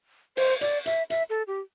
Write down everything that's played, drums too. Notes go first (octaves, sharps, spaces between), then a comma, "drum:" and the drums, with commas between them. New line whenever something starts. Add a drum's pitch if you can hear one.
C5, drum: open hi-hat
D5, drum: hi-hat
E5, drum: hi-hat
E5, drum: hi-hat
A4
G4